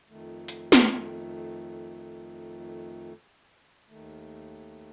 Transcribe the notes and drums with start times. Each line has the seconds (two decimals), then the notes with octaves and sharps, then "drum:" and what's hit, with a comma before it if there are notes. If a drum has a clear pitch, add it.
0.10 F2 D#3 A3
0.48 drum: hi-hat
0.72 drum: snare
3.89 D#2 D#3 A3